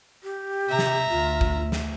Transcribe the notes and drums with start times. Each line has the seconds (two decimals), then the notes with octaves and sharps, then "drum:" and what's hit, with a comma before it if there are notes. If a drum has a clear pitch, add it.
0.24 G4
0.68 C3 E5 A#5
0.79 drum: snare
1.10 D2 F4
1.41 drum: kick G#1
1.72 drum: snare